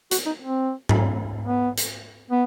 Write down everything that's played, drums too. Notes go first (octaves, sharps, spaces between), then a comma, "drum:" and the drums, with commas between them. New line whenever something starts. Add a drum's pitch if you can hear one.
F#4, drum: hi-hat
D#4
C4
drum: tom G#2
B3
drum: hi-hat
B3